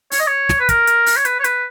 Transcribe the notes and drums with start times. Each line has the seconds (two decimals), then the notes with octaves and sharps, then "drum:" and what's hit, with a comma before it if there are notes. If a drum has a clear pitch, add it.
0.12 C#5, drum: open hi-hat
0.20 D#5
0.27 C#5
0.49 drum: snare
0.60 B4
0.69 A#4, drum: kick, hi-hat
0.87 drum: hi-hat
1.06 drum: open hi-hat
1.16 C#5
1.25 B4, drum: hi-hat
1.40 C#5
1.44 B4, drum: hi-hat